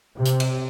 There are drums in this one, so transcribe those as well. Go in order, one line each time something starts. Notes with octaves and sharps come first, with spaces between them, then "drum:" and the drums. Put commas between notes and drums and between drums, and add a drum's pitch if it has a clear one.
C3
drum: hi-hat
drum: cymbal